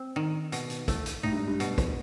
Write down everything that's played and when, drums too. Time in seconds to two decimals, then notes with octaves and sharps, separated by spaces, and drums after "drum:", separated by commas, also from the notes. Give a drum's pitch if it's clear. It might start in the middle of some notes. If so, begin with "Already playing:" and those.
Already playing: C4
0.16 D#3
0.52 B2, drum: hi-hat
0.70 drum: hi-hat
0.88 A3, drum: kick, hi-hat
1.06 drum: hi-hat
1.23 A2 D#4
1.32 G2
1.47 G2
1.60 B2, drum: hi-hat
1.78 drum: kick, hi-hat